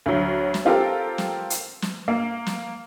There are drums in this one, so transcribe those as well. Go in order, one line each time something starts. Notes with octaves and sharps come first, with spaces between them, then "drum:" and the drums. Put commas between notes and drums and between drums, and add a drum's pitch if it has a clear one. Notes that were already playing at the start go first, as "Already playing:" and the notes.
D2 F#3
drum: snare
C4 F4 G4 A4 A#4
drum: snare
drum: hi-hat
drum: snare
A#3
drum: snare